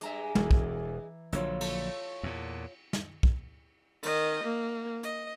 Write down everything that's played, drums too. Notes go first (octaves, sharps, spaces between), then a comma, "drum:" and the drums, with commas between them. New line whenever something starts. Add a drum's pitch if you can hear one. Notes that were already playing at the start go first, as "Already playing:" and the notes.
G2 G#3 E5 A#5 D6, drum: hi-hat
E1 E2 E3, drum: tom
drum: kick
A#1 D3 F#3 F4 C#5 E6, drum: hi-hat
A3, drum: cymbal
E2 A#2
drum: snare
drum: kick
D#3 D#5, drum: cymbal
A#3
D#5, drum: hi-hat